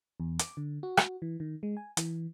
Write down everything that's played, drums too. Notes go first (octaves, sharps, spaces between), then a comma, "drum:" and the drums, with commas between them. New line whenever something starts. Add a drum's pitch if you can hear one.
E2
D6, drum: hi-hat
D3
F#4
drum: rim click
E3
D#3
G#3
G#5
E3, drum: hi-hat